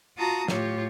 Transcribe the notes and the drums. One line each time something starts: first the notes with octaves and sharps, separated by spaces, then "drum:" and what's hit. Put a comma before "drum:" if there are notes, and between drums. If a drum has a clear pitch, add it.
F4 F#4 A5 A#5 D#6
A2 F4 G4 C#5, drum: snare